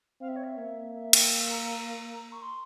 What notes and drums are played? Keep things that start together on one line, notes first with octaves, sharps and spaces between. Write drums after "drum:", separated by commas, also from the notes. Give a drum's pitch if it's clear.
C4 F5
E5
C#5
E5
A#3
E5
G5, drum: cymbal
A#5
C#6
C6